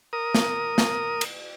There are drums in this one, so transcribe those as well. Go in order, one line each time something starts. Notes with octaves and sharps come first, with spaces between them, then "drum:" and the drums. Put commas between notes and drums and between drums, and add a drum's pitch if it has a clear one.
A#4 D#6
drum: snare
drum: snare
drum: cymbal